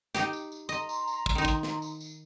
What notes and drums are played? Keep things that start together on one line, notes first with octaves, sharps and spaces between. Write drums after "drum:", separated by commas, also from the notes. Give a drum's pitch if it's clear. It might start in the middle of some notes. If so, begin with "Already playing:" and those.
D#4 G4, drum: snare
drum: tambourine
drum: tambourine
D#5 A#5 C6, drum: tambourine
drum: tambourine
drum: tambourine
drum: kick
D#3 D#4
drum: kick, tambourine
drum: snare
drum: tambourine
drum: tambourine